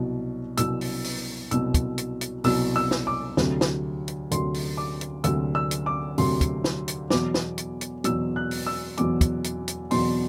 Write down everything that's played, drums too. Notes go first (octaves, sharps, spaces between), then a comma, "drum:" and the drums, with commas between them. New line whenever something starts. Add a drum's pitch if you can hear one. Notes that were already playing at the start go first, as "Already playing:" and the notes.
Already playing: C2 B2 F#3
C2 B2 F#3 E6, drum: hi-hat
drum: open hi-hat
drum: open hi-hat
C2 B2 F#3 E6, drum: hi-hat
drum: kick, hi-hat
drum: hi-hat
drum: hi-hat
C2 B2 F#3 E6, drum: open hi-hat
E6
drum: snare
D6
D2 C3 F#3, drum: snare
drum: snare
drum: hi-hat
D2 C3 F#3 C6, drum: hi-hat
drum: open hi-hat
D6
drum: hi-hat
D2 C3 F#3 E6, drum: hi-hat
E6
drum: hi-hat
D6
D2 C3 F#3 C6, drum: open hi-hat
drum: kick, hi-hat
drum: snare
drum: hi-hat
E2 B2 F#3 D6, drum: snare
drum: snare
drum: hi-hat
drum: hi-hat
E2 B2 F#3 E6, drum: hi-hat
F#6
drum: open hi-hat
E6
E2 B2 F#3 D6, drum: hi-hat
drum: kick, hi-hat
drum: hi-hat
drum: hi-hat
E2 B2 F#3 C6, drum: open hi-hat